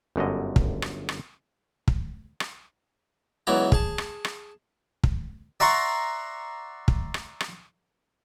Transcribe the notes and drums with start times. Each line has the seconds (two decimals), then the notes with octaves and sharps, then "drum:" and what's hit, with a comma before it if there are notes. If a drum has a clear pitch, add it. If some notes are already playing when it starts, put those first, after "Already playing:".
0.16 G1 F#2 D3 D#5
0.56 drum: kick
0.82 drum: rim click
1.09 drum: rim click
1.88 drum: kick
2.40 drum: rim click
3.47 C#2 E3 F#3 B3 D5 A#5
3.72 G#4 A5, drum: kick
3.98 drum: rim click
4.25 drum: rim click
5.04 drum: kick
5.60 D5 E5 F#5 A#5 C6 C#6
6.88 drum: kick
7.14 drum: rim click
7.40 drum: rim click